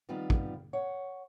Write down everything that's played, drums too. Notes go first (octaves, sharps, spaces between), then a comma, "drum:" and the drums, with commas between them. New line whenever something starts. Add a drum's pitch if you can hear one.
D#3 F3 G3 B3 C4 F4
drum: kick
C#5 F#5